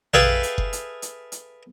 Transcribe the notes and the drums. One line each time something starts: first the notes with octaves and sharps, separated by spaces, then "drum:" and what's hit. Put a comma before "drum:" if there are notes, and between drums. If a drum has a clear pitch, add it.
G#4 A4 B4 E5 F5 G5, drum: tom A#1
drum: hi-hat
drum: kick F#1
drum: hi-hat
drum: hi-hat
drum: hi-hat